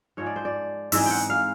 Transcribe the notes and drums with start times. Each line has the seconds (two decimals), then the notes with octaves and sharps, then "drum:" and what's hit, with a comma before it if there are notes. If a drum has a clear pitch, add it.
0.17 G#2 F3 G#3 C#5
0.26 D5
0.36 C5
0.45 D5
0.92 G#2 E3 G#3 C4 E5, drum: open hi-hat
1.06 F#5 G5
1.30 F5